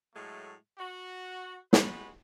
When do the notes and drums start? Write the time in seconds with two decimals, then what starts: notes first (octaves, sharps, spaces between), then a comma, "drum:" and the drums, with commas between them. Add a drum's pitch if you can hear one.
0.15 A2 F#3 G#3 A3
0.79 F#4
1.73 G3 G#3 F#4 B4, drum: snare